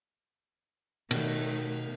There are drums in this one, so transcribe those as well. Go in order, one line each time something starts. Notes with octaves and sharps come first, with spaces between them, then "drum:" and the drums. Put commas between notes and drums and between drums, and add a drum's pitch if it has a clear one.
B2 D#3 A3, drum: cymbal